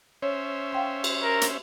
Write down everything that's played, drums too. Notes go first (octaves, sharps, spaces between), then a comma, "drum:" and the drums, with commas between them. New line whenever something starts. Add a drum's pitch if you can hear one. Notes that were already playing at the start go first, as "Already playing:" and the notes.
C#4 C5 C#5 E5
F5 G5 C6
drum: cymbal
A#4
drum: hi-hat